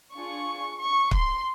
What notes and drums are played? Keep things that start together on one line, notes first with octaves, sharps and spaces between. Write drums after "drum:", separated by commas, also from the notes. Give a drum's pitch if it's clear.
D4 F4 G#4 C#6
C#6
C6, drum: kick